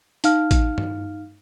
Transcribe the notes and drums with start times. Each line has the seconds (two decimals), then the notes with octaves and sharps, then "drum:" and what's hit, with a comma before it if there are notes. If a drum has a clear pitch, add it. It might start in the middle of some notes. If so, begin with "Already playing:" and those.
0.24 D#4 F5 F6, drum: hi-hat
0.51 drum: kick A1, hi-hat
0.78 drum: tom G2